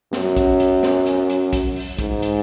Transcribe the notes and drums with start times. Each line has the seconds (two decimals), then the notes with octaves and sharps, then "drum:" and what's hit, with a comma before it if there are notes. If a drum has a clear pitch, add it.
0.13 F#2, drum: snare
0.36 drum: kick, hi-hat
0.60 drum: hi-hat
0.83 drum: snare
1.06 drum: hi-hat
1.29 drum: hi-hat
1.53 drum: kick, hi-hat
1.76 drum: open hi-hat
1.99 G#2, drum: kick, hi-hat
2.22 drum: hi-hat